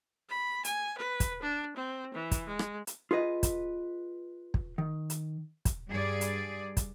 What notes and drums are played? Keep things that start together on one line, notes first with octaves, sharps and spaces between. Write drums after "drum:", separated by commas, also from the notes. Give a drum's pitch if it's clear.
B5
G#5, drum: hi-hat
B4
drum: kick, hi-hat
D4
C4
E3
drum: kick, hi-hat
G#3
drum: rim click
drum: hi-hat
F4 G#4 B4 D#5
drum: kick, hi-hat
drum: kick
D#3
drum: hi-hat
drum: kick, hi-hat
G2 G3 G#4 D5
drum: hi-hat
drum: kick, hi-hat